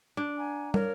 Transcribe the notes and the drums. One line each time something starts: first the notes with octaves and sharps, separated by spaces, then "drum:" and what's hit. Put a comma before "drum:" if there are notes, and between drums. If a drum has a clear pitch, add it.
D4
F#5 G#5 A#5
A#4 C#5 F5, drum: tom